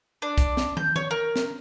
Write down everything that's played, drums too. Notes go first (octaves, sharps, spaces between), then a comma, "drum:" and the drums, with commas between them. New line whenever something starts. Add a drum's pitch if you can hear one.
D4
drum: kick C2, hi-hat
drum: snare
G6, drum: tom
C#5, drum: tom D#3
A#4
drum: snare